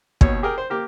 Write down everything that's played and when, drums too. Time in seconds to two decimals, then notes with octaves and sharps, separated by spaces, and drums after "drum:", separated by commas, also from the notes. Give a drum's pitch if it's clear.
0.21 D#2 B2 C#5, drum: kick
0.42 G4 G#4 A#4 G5
0.58 C5
0.70 A#3 G4 A#4